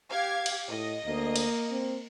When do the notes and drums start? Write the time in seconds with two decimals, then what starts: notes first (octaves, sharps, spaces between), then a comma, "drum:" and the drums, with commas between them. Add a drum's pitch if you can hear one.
0.11 G4 F5 G#6
0.46 drum: cymbal
0.69 A2 D#5
1.06 D2 A#3
1.36 drum: cymbal
1.71 C4